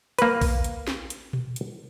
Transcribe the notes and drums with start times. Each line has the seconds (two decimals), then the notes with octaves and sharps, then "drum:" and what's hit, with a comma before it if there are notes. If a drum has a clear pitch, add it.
0.19 A#3 B4, drum: hi-hat
0.41 drum: kick A#1, open hi-hat
0.64 drum: hi-hat
0.87 drum: snare
1.10 drum: hi-hat
1.33 drum: tom A#2
1.56 drum: hi-hat